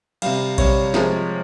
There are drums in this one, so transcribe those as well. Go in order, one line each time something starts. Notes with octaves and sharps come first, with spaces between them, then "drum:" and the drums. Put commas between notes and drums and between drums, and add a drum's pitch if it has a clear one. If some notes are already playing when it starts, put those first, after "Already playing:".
C3 G3 F5, drum: cymbal
C3 G3 C#5, drum: kick A#1, cymbal
C3 F3 G#3, drum: snare